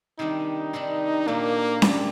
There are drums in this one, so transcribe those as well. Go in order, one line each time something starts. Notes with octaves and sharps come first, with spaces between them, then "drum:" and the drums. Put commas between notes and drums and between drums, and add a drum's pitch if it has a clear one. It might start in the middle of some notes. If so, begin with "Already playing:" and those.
C3 D#3 G3 D4 D#4
C3 D#3 G3 D4
A#2 A3 A#3 D4 G4
A#2 A3 D4 G4, drum: snare C#4